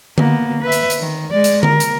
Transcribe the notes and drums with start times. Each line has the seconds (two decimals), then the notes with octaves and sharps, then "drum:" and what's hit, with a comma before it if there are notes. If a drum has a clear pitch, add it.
0.18 A#3 B3, drum: tom D3
0.62 B4 E5
0.72 drum: hi-hat
0.90 drum: hi-hat
1.00 D#3
1.31 G#3 D5
1.44 drum: hi-hat
1.63 A#4, drum: tom D3
1.80 drum: hi-hat